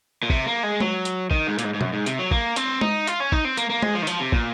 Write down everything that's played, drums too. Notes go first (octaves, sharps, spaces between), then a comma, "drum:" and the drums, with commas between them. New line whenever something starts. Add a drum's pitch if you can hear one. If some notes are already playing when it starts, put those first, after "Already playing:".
A#2
C3, drum: kick
A#3
G#3
F#3, drum: tom G#3
drum: hi-hat
D#3, drum: kick
G#2
A#2, drum: hi-hat
G#2
G#2
F#2, drum: tom B2
G#2
C3, drum: hi-hat
F#3
A#3, drum: kick
C4, drum: hi-hat
D#4, drum: tom G#3
F4, drum: hi-hat
C#4
D#4, drum: kick
C4
A#3, drum: hi-hat
A#3
G#3, drum: tom G#3
F3
D#3
F3, drum: hi-hat
C3
A#2, drum: kick